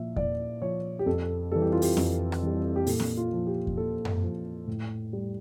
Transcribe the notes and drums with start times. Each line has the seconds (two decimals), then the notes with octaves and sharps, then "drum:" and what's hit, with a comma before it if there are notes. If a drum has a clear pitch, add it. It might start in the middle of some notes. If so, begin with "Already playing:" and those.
Already playing: A#2 F3 E5
0.16 A#2 D5, drum: kick E2
0.62 F3 C#5
0.99 G4
1.06 F2 A4
1.52 E3 G3 A4
1.62 G4
1.72 F4
1.82 G4, drum: open hi-hat
1.97 F2, drum: snare C4
2.32 drum: rim click
2.43 E3 G3
2.76 G4
2.87 A#2 A4, drum: open hi-hat
3.00 drum: snare C4
3.17 F4
3.33 F3
3.47 G4
3.67 drum: kick E2
3.77 A#2 A4
4.05 drum: tom F#2
4.23 F3
4.67 A2
5.13 G3